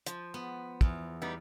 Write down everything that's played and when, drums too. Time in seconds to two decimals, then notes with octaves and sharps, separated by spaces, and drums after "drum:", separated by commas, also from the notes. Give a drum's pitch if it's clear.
0.06 F3, drum: hi-hat
0.34 B3
0.81 E2, drum: kick
1.22 G3 B3 D#4